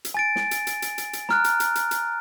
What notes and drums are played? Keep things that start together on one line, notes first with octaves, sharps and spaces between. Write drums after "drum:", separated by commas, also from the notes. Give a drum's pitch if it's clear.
drum: hi-hat
G#5 A6 D7
drum: snare
drum: hi-hat
drum: hi-hat
drum: hi-hat
drum: hi-hat
drum: hi-hat
A#5 F6 F#6, drum: snare
drum: hi-hat
drum: hi-hat
drum: hi-hat
drum: hi-hat